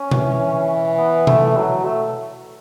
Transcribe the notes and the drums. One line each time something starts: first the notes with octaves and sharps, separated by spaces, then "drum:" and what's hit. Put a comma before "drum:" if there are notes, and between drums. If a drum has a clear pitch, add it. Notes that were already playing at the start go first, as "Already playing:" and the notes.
Already playing: C#4
E3, drum: tom B2
B3
A3, drum: tom B2
F#3
A3